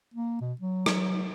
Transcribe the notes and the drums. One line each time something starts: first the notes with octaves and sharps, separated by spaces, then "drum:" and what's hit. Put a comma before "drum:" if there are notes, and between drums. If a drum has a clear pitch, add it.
A#3
B2
F#3
drum: rim click